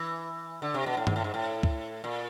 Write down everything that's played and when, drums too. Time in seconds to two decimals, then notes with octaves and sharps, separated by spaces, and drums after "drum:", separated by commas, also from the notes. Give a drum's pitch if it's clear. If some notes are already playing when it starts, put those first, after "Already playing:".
Already playing: E3
0.62 D3
0.74 C3
0.86 B2
0.97 A2
1.07 G#2, drum: tom G2
1.16 A2
1.24 G#2
1.34 A2
1.63 drum: kick C#2
2.04 A#2